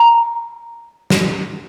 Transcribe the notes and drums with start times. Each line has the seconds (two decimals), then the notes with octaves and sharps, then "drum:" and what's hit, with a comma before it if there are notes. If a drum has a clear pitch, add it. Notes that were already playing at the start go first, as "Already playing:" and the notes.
Already playing: A#5
1.10 drum: snare